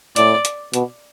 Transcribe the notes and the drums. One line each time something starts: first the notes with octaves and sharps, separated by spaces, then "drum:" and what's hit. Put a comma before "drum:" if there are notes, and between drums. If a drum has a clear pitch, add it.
A2 D5, drum: hi-hat
drum: hi-hat
B2, drum: hi-hat